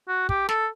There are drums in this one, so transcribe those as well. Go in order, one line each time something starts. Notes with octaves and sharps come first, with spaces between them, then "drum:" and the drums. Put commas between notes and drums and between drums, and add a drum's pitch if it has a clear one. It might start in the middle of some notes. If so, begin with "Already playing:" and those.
F#4
G4, drum: kick
A4, drum: snare